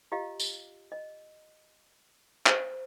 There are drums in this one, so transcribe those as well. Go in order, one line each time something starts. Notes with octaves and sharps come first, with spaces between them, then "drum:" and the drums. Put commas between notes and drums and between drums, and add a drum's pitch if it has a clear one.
F4 G4 D#5 F5
drum: tambourine
D#5
C5, drum: clap